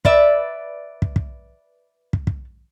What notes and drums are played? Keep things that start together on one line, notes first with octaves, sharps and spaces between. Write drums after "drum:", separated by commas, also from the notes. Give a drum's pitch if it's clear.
B4 D5 E5, drum: kick
drum: kick
drum: kick
drum: kick
drum: kick